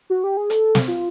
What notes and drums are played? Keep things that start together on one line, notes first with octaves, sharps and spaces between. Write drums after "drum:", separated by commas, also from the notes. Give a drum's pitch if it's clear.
F#4
G4
G#4
A4, drum: hi-hat
drum: snare
F4